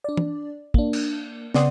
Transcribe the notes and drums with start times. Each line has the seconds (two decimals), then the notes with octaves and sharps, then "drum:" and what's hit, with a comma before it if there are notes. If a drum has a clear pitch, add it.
0.04 D4 D5
0.17 drum: tom
0.74 A#3 D4, drum: kick
0.93 drum: cymbal
1.54 C#3 B3 D5 F#5 C6 D#6, drum: snare